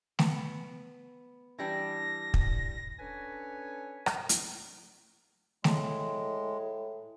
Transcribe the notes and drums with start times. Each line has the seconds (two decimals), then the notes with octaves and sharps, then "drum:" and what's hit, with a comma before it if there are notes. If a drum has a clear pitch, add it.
0.19 B3, drum: snare A3
1.58 E3 G3 D4 A#6
2.34 drum: kick
2.99 C#4 D4 A4 B4 C#5 G#5
4.06 drum: rim click
4.29 drum: hi-hat
5.64 A2 G#3, drum: snare A3